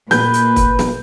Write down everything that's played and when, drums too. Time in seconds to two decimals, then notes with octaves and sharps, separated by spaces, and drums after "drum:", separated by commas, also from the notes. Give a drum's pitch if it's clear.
0.11 A#2 B4 G6, drum: snare
0.34 drum: hi-hat
0.56 drum: kick, hi-hat
0.79 drum: snare